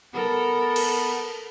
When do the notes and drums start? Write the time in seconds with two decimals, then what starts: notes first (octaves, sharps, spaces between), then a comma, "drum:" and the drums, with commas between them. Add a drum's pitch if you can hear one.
0.14 B3 A4 A#4
0.76 drum: cymbal